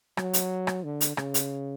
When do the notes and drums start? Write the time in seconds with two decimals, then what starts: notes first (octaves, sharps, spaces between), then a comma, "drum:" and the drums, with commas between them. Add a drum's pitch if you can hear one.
0.17 F#3, drum: rim click
0.34 drum: hi-hat
0.67 drum: rim click
0.84 D3
1.01 drum: hi-hat
1.17 C#3, drum: rim click
1.34 drum: hi-hat